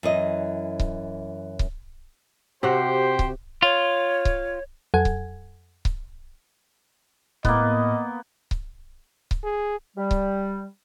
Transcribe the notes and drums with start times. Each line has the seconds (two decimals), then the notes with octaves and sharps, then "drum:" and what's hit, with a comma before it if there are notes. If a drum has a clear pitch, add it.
0.03 F#2 E3 D#5
0.80 drum: kick C#1
1.59 drum: kick C#1
2.63 C3 F#4 G4 C5
3.19 drum: kick C#1
3.63 F4 C#5
4.25 drum: kick C#1
4.94 F2 F#3 A4 F#5 G#5 G#6
5.05 drum: kick C#1
5.85 drum: kick C#1
7.45 A2 A#3 B3 D#5, drum: kick C#1
8.51 drum: kick C#1
9.31 drum: kick C#1
9.44 G#4
9.96 G3
10.11 drum: kick C#1